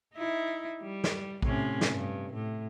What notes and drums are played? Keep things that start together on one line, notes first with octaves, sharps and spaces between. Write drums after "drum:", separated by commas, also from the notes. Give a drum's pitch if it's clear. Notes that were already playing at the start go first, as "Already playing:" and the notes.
D#4 E4
G3
drum: snare
A2 C3 C#4, drum: kick A#1
drum: snare
G2
A2